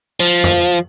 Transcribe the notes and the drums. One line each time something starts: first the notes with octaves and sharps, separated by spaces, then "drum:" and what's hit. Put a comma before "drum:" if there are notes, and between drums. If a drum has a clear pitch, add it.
F3
drum: tom F2